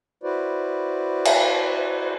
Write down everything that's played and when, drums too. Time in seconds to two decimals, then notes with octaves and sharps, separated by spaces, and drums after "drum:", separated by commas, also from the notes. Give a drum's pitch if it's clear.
0.23 E4 F#4 B4 C5 D5
1.25 drum: cymbal